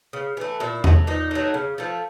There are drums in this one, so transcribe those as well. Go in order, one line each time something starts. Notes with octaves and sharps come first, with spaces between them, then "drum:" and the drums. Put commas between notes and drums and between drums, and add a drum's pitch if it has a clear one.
C#3
E3 A3
A#2 E4
F#3 A3, drum: tom E2
A#2 D#4
F#3 A3
C#3
F3 A3